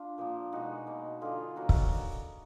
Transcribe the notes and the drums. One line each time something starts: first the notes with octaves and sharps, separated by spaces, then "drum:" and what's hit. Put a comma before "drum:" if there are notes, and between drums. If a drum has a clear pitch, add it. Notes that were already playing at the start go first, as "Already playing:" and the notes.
Already playing: D4 F4
A#2 F3 A#3
B2 G#3 D#4 F#4
B2 A#3
D3 F3 A#3 F4 G#4
B2 F#3 A#3 F#4 A#4
drum: kick